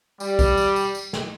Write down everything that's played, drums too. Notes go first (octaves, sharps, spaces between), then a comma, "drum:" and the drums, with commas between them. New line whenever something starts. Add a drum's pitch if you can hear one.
G3, drum: tambourine
drum: kick A#1, tambourine
drum: tambourine
drum: tambourine
drum: tambourine
drum: snare